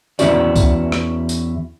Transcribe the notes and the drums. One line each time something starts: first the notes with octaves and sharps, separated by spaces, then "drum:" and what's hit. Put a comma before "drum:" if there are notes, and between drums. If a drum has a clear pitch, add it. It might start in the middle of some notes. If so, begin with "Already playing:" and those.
E2 D3 C#4 E4 F#4 D5, drum: tambourine
drum: kick C#2, tambourine
drum: rim click
drum: tambourine